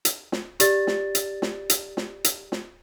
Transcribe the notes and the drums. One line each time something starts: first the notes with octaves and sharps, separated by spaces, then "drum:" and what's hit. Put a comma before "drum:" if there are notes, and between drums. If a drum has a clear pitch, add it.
drum: hi-hat
drum: snare
G4 D5 A6, drum: hi-hat
drum: snare
drum: hi-hat
drum: snare
drum: hi-hat
drum: snare
drum: hi-hat
drum: snare